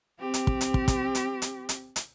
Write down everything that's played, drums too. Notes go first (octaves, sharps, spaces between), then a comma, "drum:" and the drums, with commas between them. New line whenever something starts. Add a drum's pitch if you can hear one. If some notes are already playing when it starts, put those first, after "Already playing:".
C4 G4
drum: hi-hat
drum: kick
drum: hi-hat
drum: kick
drum: kick, hi-hat
drum: hi-hat
drum: hi-hat
drum: hi-hat
drum: hi-hat